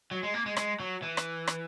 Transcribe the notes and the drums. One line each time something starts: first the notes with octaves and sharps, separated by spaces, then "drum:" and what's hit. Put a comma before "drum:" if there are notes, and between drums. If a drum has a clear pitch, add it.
F#3
G#3
A#3
G#3
G#3, drum: rim click
F#3
E3
drum: rim click
drum: rim click